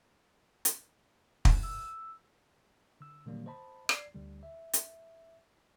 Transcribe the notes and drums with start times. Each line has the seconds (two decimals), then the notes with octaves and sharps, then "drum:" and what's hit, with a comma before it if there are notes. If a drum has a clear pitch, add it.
0.65 drum: hi-hat
1.45 drum: kick
1.63 E6
3.00 D3 E6
3.26 A#2 D3 D#3 F#3 G3 A#3
3.46 C5 D#5 A5 B5
3.89 D5 G#6 C7, drum: rim click
4.14 D2 D3 G3
4.43 E5
4.73 drum: hi-hat